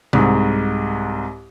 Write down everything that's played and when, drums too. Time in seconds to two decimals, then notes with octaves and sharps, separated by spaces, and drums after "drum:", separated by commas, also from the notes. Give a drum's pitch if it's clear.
0.13 C2 G#2, drum: tom C3